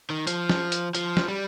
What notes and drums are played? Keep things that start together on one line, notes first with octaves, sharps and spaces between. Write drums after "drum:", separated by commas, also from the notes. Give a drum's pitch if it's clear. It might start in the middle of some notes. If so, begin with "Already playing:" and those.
D#3
F3, drum: hi-hat
drum: snare
drum: hi-hat
F3, drum: hi-hat
drum: snare
G3